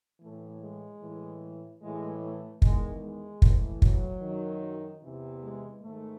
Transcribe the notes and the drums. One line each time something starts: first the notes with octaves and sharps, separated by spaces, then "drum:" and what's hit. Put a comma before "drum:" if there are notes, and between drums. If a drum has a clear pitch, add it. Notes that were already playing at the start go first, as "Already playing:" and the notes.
A2 E3 A3
G#3
A2 E3
A2 E3 G#3
A3
E2 D#3 G#3, drum: kick
G#3
A2 E3, drum: kick
F#3, drum: kick
F#2 D#3
E2 C3 E3
G#3
G#2 D#3 A3